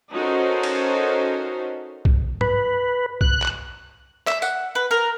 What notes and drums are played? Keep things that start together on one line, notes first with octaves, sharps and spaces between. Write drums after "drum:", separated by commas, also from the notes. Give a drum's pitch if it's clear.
C#4 D#4 F#4 A4 A#4 C5
drum: cymbal
drum: kick
B4, drum: tom
F#6, drum: kick
drum: clap
E5, drum: clap
F#5, drum: tambourine
B4
A#4